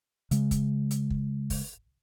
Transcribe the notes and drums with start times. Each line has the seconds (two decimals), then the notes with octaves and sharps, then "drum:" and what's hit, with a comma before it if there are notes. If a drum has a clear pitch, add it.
0.31 C#3 G#3, drum: hi-hat
0.51 drum: kick, hi-hat
0.91 drum: hi-hat
1.10 drum: kick
1.50 drum: kick, open hi-hat